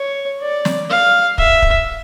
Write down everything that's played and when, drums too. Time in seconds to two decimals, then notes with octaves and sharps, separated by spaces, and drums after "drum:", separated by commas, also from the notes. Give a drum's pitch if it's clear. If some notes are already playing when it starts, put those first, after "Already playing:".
Already playing: C#5
0.40 D5
0.65 drum: snare
0.89 F5
1.38 E5, drum: kick
1.62 drum: kick